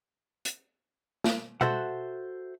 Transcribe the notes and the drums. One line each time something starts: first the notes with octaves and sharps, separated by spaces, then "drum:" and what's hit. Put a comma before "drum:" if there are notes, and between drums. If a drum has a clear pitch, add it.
drum: hi-hat
drum: snare
F#4 A4 C5 E5 F#5, drum: tom B2